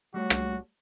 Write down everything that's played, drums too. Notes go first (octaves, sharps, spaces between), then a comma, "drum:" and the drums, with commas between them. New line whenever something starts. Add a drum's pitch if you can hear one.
G3 A3 F#4 C#5
drum: rim click